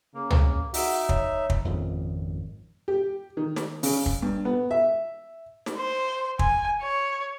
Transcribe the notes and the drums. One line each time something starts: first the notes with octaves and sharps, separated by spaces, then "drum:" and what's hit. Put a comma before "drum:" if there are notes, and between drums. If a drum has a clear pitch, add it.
C#3 A#3
drum: tom
D#4 F#4 E5, drum: open hi-hat
C#5, drum: kick
drum: kick
G#1 F2 A#2 C#3
G4
D#3
drum: snare
C#3, drum: open hi-hat
drum: kick
G2
B3
E5
drum: snare
C5
G#5, drum: kick
C#5